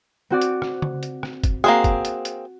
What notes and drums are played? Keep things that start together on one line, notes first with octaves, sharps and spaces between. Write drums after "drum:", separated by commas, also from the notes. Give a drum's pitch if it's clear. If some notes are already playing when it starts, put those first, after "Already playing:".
C4 F#4 D5
drum: hi-hat
drum: rim click
drum: tom C#3
drum: hi-hat
drum: rim click
drum: kick, hi-hat
A#3 C4 F#4 G#4, drum: rim click
drum: kick, hi-hat
drum: hi-hat
drum: hi-hat